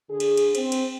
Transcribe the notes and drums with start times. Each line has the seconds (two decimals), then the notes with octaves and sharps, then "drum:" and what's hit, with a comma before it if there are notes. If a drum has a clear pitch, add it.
0.10 D3 G#4
0.20 drum: cymbal
0.37 drum: cymbal
0.55 C4, drum: cymbal
0.72 drum: cymbal